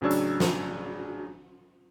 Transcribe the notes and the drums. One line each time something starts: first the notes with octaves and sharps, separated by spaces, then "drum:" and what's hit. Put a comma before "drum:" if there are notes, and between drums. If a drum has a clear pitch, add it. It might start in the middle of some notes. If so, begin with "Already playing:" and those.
A1 C#3 F#3 D4 C#5 E6
drum: hi-hat
drum: snare